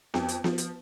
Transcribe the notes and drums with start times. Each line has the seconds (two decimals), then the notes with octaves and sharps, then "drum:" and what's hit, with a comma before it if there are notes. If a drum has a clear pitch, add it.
0.14 F2, drum: snare B3
0.28 drum: hi-hat
0.44 F3, drum: snare B3
0.58 drum: hi-hat